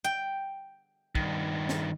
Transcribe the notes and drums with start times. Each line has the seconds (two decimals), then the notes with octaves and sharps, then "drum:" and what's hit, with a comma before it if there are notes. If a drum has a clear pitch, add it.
0.04 G5
1.15 G2 D#3, drum: kick
1.69 drum: snare